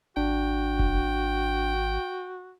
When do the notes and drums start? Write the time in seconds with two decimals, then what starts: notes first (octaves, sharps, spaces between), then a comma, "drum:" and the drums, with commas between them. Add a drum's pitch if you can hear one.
0.17 G#1 D4 F#4 G5
0.79 drum: kick F1